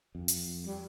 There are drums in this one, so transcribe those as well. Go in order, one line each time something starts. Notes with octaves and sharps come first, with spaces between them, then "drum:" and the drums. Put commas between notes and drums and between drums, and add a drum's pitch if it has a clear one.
F2
drum: hi-hat
G3